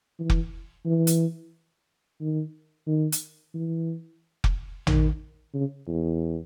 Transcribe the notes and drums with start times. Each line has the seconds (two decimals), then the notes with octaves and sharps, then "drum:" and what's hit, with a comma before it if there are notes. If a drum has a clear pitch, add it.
0.20 E3
0.30 drum: kick F1
0.86 E3
1.07 drum: hi-hat
2.21 D#3
2.87 D#3
3.12 drum: hi-hat
3.54 E3
4.44 drum: kick F1
4.87 D#3, drum: tom A1
5.54 C#3
5.88 E2